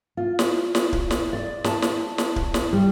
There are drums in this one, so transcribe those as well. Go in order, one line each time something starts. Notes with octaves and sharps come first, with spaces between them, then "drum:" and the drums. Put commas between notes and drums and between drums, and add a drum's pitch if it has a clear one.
F4
drum: snare
drum: snare
drum: kick
drum: snare
D5
A5, drum: snare
drum: snare
drum: snare
drum: kick
drum: snare
G3